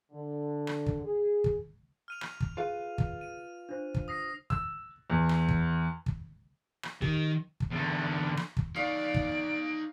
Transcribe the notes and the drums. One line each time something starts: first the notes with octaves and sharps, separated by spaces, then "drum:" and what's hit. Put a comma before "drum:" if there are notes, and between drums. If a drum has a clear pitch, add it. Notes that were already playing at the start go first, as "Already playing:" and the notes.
D3
drum: rim click
drum: kick
G#4
drum: kick
F6 D#7 F7
drum: rim click
drum: kick
F4 G#4 B4 F5
drum: kick
D#7
D4 C5
drum: kick
D#6 A#6 C7
E6, drum: kick
E2
drum: rim click
drum: kick
drum: kick
drum: rim click
D#3 G4, drum: kick
drum: kick
E2 D3
drum: rim click
drum: kick
D#4 C#5 D5 F5 D7
drum: kick